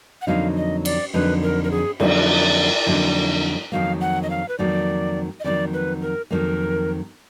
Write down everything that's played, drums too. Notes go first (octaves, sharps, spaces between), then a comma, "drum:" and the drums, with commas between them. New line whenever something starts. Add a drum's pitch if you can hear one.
F#5
F2 D3 F#3 A#3 D#4 F5
D#5
D5, drum: cymbal
F2 D3 F#3 A#3 D#4 B4
A#4
A#4
G#4
F2 D3 F#3 A#3 D#4 D5, drum: cymbal
F2 D3 F#3 A#3 D#4
F2 D#3 F#3 A#3 F5
F#5
D#5
F5
B4
F2 D#3 F#3 A#3 D5
D#5
F2 D#3 F#3 A#3 D5
B4
A#4
F2 D#3 F#3 A#3 A#4